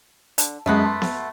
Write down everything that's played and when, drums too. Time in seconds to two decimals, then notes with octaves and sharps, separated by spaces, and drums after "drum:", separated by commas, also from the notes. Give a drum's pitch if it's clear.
0.38 D3, drum: hi-hat
0.66 F#2 G#3 A3 B3 F#5
0.84 A5 C6
1.02 drum: snare B3